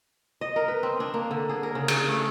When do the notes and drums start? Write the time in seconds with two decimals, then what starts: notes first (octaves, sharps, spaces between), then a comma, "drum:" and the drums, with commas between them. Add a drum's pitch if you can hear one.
0.41 D#5
0.56 A#4
0.68 B4
0.83 C4
1.00 D4
1.14 A#3
1.31 D3
1.49 G#4
1.63 A#4
1.75 C#3
1.88 C#3, drum: cymbal
2.08 A3